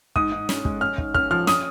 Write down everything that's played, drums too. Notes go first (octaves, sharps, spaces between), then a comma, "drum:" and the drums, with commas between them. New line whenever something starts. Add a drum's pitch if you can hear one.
G#2 D#6, drum: kick
G#2
C#4, drum: snare
G#3, drum: kick
C#4 F6
G#2, drum: kick
C#4 F6, drum: kick
F3 F6
C#4 D#6, drum: snare